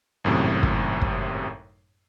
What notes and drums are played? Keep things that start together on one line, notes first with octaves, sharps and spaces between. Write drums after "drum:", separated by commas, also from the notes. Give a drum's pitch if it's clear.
G#1 F#2 A2 C3
drum: kick
drum: kick